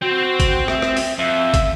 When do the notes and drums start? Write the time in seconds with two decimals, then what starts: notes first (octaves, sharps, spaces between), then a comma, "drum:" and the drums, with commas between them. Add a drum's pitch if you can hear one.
0.02 C4 F#4 C5
0.40 drum: kick, hi-hat
0.68 E5, drum: rim click
0.82 drum: rim click
0.97 drum: open hi-hat
1.19 F2 E5
1.54 drum: kick, hi-hat